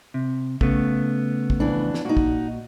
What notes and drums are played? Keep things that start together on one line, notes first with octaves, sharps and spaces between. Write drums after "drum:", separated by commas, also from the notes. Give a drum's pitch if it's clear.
C3
C#3 A3 B3, drum: kick
drum: kick
F2 E3 D4
drum: snare
A#2 D#4 F#4
drum: kick